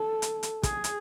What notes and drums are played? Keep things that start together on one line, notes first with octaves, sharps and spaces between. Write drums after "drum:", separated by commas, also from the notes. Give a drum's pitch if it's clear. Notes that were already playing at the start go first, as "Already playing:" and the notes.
Already playing: A4
drum: hi-hat
drum: hi-hat
G#4, drum: kick, hi-hat
drum: hi-hat